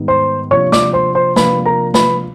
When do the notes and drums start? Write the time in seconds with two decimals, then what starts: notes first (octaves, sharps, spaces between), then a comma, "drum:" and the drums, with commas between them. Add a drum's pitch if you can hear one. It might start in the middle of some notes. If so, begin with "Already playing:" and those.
Already playing: G#2 D#3 G3 B3
0.08 C5 C6
0.51 C3 F3 A#3 D4 F4 C#5 C#6
0.72 D5 D6, drum: snare
0.93 C5 C6
1.15 C5 C6
1.36 C3 F3 A#3 D4 F4 B4 B5, drum: snare
1.66 A#4 A#5
1.94 B4 B5, drum: snare